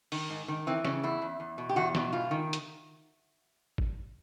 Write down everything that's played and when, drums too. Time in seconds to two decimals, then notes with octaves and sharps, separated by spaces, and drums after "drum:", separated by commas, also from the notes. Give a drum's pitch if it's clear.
0.12 D#3, drum: open hi-hat
0.30 G#2
0.48 D#3
0.67 E3 C4
0.85 C#3 C#4, drum: snare
1.03 E2 E4
1.22 E2
1.40 E2
1.58 B2
1.69 G4
1.76 E2 F#4
1.95 B2, drum: snare
2.13 G#2 F4
2.31 D#3
2.53 drum: hi-hat
3.78 drum: kick G#1